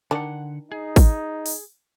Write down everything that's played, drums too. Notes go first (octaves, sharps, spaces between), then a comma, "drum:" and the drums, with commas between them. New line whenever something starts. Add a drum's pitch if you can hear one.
D3 D#3 D4 F#5
D#4 G#4
drum: kick, open hi-hat
drum: open hi-hat